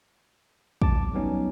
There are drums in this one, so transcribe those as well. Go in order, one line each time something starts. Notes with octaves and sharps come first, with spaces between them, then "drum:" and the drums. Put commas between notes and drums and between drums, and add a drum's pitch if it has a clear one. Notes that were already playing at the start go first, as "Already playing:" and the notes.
A5 D6, drum: kick
F#3 G3 B3 C#4 D#4